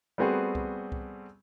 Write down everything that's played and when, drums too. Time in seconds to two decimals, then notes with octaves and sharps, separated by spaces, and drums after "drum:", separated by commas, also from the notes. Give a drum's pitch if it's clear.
0.18 G3 A3 B3 C4 F#4 G#4
0.55 drum: kick C2
0.92 drum: kick C2